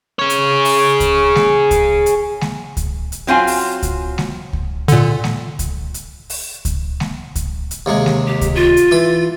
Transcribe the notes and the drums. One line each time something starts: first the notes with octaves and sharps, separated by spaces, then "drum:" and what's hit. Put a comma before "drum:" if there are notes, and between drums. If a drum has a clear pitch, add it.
G#4 C#5
drum: hi-hat
drum: open hi-hat
drum: kick C#2, hi-hat
drum: snare G#3
drum: kick C#2, hi-hat
drum: hi-hat
drum: snare G#3
drum: kick C#2, hi-hat
drum: hi-hat
F#3 C4 F4 G#5
drum: open hi-hat
drum: kick C#2, hi-hat
drum: snare G#3
drum: kick C#2
A#2 D3, drum: hi-hat
drum: snare G#3
drum: kick C#2, hi-hat
drum: hi-hat
drum: open hi-hat
drum: kick C#2, hi-hat
drum: snare G#3
drum: kick C#2, hi-hat
drum: hi-hat
D#2 C3 G#3
drum: snare G#3
G4
drum: kick C#2, hi-hat
F4
drum: hi-hat
E3 B5